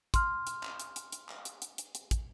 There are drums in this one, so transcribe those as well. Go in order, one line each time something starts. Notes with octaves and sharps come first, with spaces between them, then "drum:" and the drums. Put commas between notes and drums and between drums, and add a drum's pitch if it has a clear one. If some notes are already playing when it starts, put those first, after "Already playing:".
C6 F6, drum: kick, hi-hat
drum: hi-hat
drum: clap
drum: hi-hat
drum: hi-hat
drum: hi-hat
drum: clap
drum: hi-hat
drum: hi-hat
drum: hi-hat
drum: hi-hat
drum: kick, hi-hat